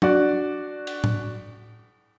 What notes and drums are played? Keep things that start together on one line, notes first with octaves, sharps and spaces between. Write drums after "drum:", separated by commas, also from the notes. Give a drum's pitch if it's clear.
D4 F#4 D5, drum: tom
drum: cymbal
drum: tom A2